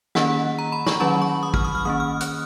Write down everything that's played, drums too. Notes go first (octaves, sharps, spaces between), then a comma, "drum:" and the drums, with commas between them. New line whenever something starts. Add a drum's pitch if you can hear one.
D#3 A#3 C#4 F#5, drum: snare
A#5
B5
C#6, drum: snare
D#3 F#3 C#4 B5
C#6
D#6
F6, drum: kick
D#6
F6
D#3 A#3 C#4 D#6
F6
F#6, drum: hi-hat
F6